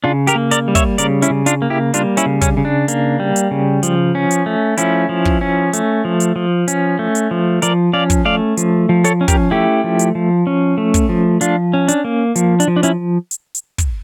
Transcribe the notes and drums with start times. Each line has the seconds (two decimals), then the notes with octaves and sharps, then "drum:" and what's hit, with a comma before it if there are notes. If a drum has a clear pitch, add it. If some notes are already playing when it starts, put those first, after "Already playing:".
0.04 C#3 D4 F4
0.27 G4 A#4, drum: hi-hat
0.35 A#3
0.51 A#4 D5, drum: hi-hat
0.68 G3
0.75 C#5 E5, drum: kick, hi-hat
0.98 C#3 A#4 D5, drum: hi-hat
1.22 C#4 E4, drum: hi-hat
1.30 C#3
1.46 D4 F4, drum: hi-hat
1.62 A#3
1.70 E4 G4
1.94 G3 D4 F4, drum: hi-hat
2.17 C#4 E4, drum: hi-hat
2.26 C#3
2.41 C#4, drum: kick, hi-hat
2.57 C#3
2.65 D4
2.88 A#3, drum: hi-hat
3.20 G3
3.36 drum: hi-hat
3.51 C#3
3.83 F3, drum: hi-hat
4.15 C#4
4.31 drum: hi-hat
4.46 A3
4.77 F3 C#4 E4, drum: hi-hat
5.09 F3
5.25 drum: kick
5.41 C#4
5.73 A3, drum: hi-hat
6.05 F3
6.20 drum: hi-hat
6.36 F3
6.68 C#4, drum: hi-hat
6.99 A3
7.15 drum: hi-hat
7.31 F3
7.62 F3 A#4 D5, drum: hi-hat
7.93 C#4 D5 F5
8.10 drum: kick, hi-hat
8.25 A3 D5 F5
8.57 F3, drum: hi-hat
8.89 F3
9.04 A4 C#5, drum: hi-hat
9.21 C#4
9.28 G4 A#4, drum: kick, hi-hat
9.51 A3 E4 G4
9.84 F3
9.99 drum: hi-hat
10.15 F3
10.47 C#4
10.78 A3
10.94 drum: kick, hi-hat
11.09 F3
11.41 F3 D4 F4, drum: hi-hat
11.74 C#4
11.88 D4, drum: hi-hat
12.05 A#3
12.36 F3, drum: hi-hat
12.60 D4, drum: hi-hat
12.68 F3
12.76 D4
12.83 C#4 E4, drum: hi-hat
13.31 drum: hi-hat
13.55 drum: hi-hat
13.78 drum: kick, hi-hat